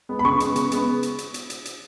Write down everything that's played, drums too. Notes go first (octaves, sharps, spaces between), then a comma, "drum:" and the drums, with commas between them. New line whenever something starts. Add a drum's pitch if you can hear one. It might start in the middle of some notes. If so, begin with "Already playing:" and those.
G#3 B3
B5
C#3 C#6
G#3 B3, drum: hi-hat
C#3, drum: hi-hat
G#3 B3, drum: hi-hat
drum: hi-hat
drum: hi-hat
drum: hi-hat
drum: hi-hat
drum: hi-hat